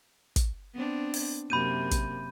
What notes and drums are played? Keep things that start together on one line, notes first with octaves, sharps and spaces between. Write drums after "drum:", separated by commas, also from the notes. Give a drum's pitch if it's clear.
drum: kick, hi-hat
B3 C4 D4
drum: open hi-hat
F#2 C3 A#3 B5 G6 D#7
drum: kick, hi-hat